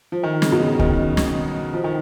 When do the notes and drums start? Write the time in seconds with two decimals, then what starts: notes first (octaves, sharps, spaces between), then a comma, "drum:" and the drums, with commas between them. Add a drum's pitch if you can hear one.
0.12 F3
0.23 D#3
0.42 C#3, drum: snare
0.52 B2
0.60 C#3
0.75 C#3
0.79 D#3, drum: kick C#2
1.17 drum: snare
1.73 F3
1.84 D#3